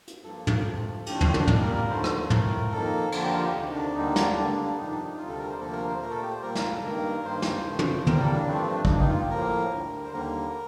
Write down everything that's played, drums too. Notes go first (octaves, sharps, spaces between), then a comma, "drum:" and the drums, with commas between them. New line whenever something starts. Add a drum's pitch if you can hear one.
drum: hi-hat
G2 F3 A#3 A4
drum: tom
D2 C3 F3
A2 F3 A3 G4, drum: cymbal
D4
C4, drum: tom
D4, drum: tom
A#2 G3 A#3 D#4, drum: tom
A#4
A#4
D#2 D3 F3 A3 C5
drum: rim click
A2 F3 A3 A#4, drum: tom
F2 D#3 A#3 A4
F2 D3 F3 A#3 A4, drum: cymbal
G4
F4
G4
D2 C3 D#3
D4
D2 D3 G3 A#3 D#4
D4, drum: snare
G2 D3 G3 A#3 D4
D4
D4
F2 C3 D#3 D#4
D4
D#4
D2 C3 G3 F4
A4
A#4
C5
D2 C3 F3 A#3 A4
A#4
C5
A#2 A3 A#4
A4
G4
C5
A#2 G3 A#3 A#4
F4, drum: snare
A4
G2 D#3 A#3 A#4
G2 D#3 A#3 C5
drum: snare
G2 F3 A3
drum: tom
A2 G3 A#3 A#4, drum: tom
A4
D4
G2 F3 A3 C4
D4
D4, drum: kick
G2 D#3 A#3 D#4
D#4
F4
G4
A2 F3 A#3 A#4
D2 D3 G3
C5
D#2 D3 G3 A#3 A#4